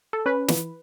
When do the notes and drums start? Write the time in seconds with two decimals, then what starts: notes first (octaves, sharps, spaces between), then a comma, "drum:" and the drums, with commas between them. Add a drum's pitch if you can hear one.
0.13 A4
0.26 C#4 B4
0.48 E3, drum: snare